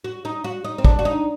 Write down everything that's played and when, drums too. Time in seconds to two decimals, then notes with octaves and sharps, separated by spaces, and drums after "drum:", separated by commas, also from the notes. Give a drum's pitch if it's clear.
0.04 F#4
0.25 D#4
0.44 F#4
0.64 D#4
0.78 C4
0.84 D4, drum: kick
0.99 F#4
1.05 D#4